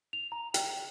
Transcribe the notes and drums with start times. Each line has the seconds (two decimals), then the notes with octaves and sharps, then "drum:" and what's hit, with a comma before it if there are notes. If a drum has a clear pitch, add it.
0.13 F7
0.32 A#5
0.54 G5, drum: hi-hat